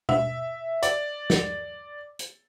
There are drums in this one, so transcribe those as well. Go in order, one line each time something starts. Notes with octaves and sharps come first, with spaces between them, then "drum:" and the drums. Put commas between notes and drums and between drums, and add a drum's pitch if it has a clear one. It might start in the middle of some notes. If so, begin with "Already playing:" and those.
E5, drum: tom B2
D5, drum: hi-hat
drum: snare
drum: hi-hat